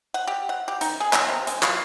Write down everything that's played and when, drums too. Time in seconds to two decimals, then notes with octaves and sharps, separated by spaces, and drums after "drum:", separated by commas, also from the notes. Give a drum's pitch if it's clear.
0.14 F#5
0.27 G4
0.49 F#5
0.68 G4
0.81 D#4, drum: hi-hat
1.00 G#4
1.13 D#5, drum: clap
1.28 C3
1.47 G#3, drum: hi-hat
1.63 F4, drum: clap